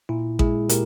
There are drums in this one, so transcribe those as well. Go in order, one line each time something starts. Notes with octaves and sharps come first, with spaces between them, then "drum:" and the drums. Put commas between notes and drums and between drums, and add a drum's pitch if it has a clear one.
A#2 E4
G#3 E4 G#4, drum: kick A1
A#2 G4 A#4, drum: hi-hat